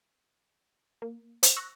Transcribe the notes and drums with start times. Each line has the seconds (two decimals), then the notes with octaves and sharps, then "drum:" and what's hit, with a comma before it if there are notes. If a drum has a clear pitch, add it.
1.02 A#3
1.43 C5, drum: hi-hat
1.56 C#6 E6 F#6 A#6